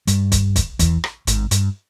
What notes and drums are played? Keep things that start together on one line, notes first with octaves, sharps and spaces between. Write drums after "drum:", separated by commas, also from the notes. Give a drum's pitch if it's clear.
G2 G3, drum: hi-hat
drum: kick, hi-hat
drum: kick, hi-hat
E2 E3, drum: kick, hi-hat
drum: rim click
G#1 G#2, drum: hi-hat
G2, drum: hi-hat